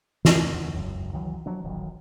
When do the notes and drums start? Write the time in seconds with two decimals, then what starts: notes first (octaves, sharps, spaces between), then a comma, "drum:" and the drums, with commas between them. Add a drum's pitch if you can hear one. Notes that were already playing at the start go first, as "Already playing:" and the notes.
0.25 A3, drum: snare
0.53 E2 D3
0.74 E1 C#2 F#2
1.13 C#2 D#3 E3 F#3
1.46 F3 F#3 D4
1.64 D#1 A1 D#3 F#3